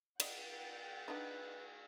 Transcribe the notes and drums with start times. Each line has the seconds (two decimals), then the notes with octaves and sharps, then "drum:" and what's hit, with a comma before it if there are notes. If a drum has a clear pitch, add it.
0.20 D5 D#5 F#5 G5 A6, drum: cymbal
1.08 D4 D#4 B4